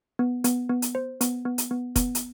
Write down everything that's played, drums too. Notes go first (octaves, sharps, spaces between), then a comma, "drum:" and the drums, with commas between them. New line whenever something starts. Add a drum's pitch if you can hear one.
B3
B3, drum: hi-hat
B3
drum: hi-hat
C5
B3, drum: hi-hat
B3
drum: hi-hat
B3
B3, drum: kick F1, hi-hat
drum: hi-hat